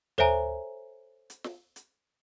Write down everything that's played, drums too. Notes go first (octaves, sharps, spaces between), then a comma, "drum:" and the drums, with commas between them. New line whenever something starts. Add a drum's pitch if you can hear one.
A4 C5 C#5 E5 G#5 A#5, drum: tom D2
drum: hi-hat
drum: snare
drum: hi-hat